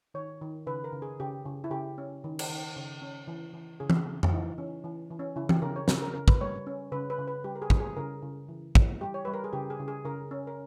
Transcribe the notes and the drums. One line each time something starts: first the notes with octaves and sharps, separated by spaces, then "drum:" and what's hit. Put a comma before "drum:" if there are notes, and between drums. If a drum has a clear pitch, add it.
D#3 C#5
D#3
C#3 B4
A#4
C#3
G#4
C#3 G4
C#3
E4
C#3 G4
C#4
D#3
drum: cymbal
D#3
C#3
C#4
E3
E3
C#3 G#4
drum: tom
C#3
drum: tom F2
E3 D#4
E3 C#4
E3
E3
C#4
C#3 E4
G4, drum: tom
C#3 A#4
C#5
C#3 A#4, drum: snare
A#4
C#3 A#4
B4, drum: kick
G3 C#5
C#4
C#3 B4
B4
C#3
B4
G3 G4
A#4
G#4
G3, drum: kick
G#4
C#3 A#4
C#3
E3
E3, drum: kick
G3 G4
C#5
G3 B4
A#4
G#4
C#3 G4
G#4
C#3
G#4
C#3 A#4
C#4
A#4